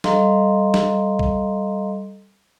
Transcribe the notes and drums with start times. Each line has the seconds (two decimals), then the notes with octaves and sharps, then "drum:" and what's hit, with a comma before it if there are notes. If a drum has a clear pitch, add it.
0.04 G3 A4 D#5 F5 A#5 C6, drum: snare
0.74 drum: snare
1.19 drum: kick